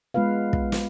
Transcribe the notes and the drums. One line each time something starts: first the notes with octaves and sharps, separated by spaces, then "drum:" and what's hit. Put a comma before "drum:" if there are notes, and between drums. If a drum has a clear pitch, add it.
G#3 B3 F4 B4 F5
drum: kick
drum: snare